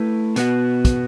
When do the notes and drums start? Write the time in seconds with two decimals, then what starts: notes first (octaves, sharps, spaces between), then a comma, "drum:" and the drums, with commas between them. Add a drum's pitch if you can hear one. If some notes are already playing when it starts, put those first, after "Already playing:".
Already playing: A3 E4 B4
0.36 B2 B3 F#4, drum: hi-hat
0.85 drum: kick, hi-hat